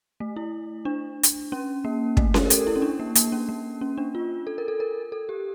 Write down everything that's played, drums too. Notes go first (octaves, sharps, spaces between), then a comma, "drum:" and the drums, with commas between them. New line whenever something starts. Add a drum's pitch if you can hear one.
A3
E4
D4
drum: hi-hat
C#4
A#3
A3, drum: kick
G4, drum: snare C#4
A#4
A4, drum: hi-hat
E4
C#4
D4
A#3
A#3, drum: hi-hat
C#4
A#3
C#4
D4
F4
A4
A#4
A4
A#4
A4
G4